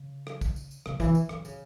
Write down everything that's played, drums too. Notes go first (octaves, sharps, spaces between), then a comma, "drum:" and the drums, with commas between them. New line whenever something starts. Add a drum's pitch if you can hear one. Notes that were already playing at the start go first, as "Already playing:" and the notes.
Already playing: C#3
drum: rim click
drum: kick, tambourine
drum: tambourine
drum: tambourine
C#3, drum: rim click
E3, drum: kick, tambourine
drum: tambourine
D3, drum: rim click
C#3, drum: tambourine